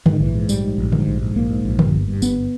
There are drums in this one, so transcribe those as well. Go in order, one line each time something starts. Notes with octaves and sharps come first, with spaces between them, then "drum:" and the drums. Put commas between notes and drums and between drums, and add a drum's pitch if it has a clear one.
G#2 E3, drum: tom D3
D#3
A#1 E3
G#2
A#1 G3, drum: tambourine
G#2
A#1
G#2, drum: tom D3
A#1
G#2
A#1 A#3
G#2
A#1
G2, drum: tom D3
G1
G2
G1 B3, drum: tambourine